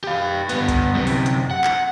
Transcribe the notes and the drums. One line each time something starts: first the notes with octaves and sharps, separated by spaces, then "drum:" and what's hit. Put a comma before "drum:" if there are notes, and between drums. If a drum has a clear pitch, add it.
G4 F5
G2 B3, drum: hi-hat
drum: kick C#2, hi-hat
F#2 C3
drum: open hi-hat
drum: hi-hat
F#5
drum: clap